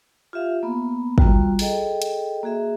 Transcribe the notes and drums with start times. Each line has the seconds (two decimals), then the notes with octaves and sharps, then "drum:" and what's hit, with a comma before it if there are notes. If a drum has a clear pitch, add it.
0.33 F4 G4 E5 F5
0.63 A#3 B3
1.18 G3 F4 F#4 A#5, drum: kick
1.59 G#4 A4 D#5 G5, drum: open hi-hat
2.02 drum: hi-hat
2.43 A#3 F#4 G#4 E5